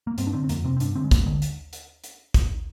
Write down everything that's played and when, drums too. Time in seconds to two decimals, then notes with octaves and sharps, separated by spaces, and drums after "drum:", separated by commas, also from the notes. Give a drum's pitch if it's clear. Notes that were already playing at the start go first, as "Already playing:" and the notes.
0.07 A#3
0.18 G2 C4, drum: hi-hat
0.27 D4
0.33 D3 C4
0.44 C4
0.49 F2 A#3, drum: hi-hat
0.64 C3 C4
0.77 C4
0.80 G2 D4, drum: hi-hat
0.96 D3 C4
1.04 G#3
1.11 G2 A#3, drum: kick, hi-hat
1.26 D3 G#3
1.42 drum: hi-hat
1.73 drum: hi-hat
2.04 drum: hi-hat
2.34 drum: kick, hi-hat